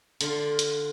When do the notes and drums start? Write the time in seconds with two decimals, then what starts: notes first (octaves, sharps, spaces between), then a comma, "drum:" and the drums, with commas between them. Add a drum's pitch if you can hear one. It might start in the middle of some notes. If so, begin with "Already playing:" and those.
0.21 D3 F4, drum: hi-hat
0.59 drum: hi-hat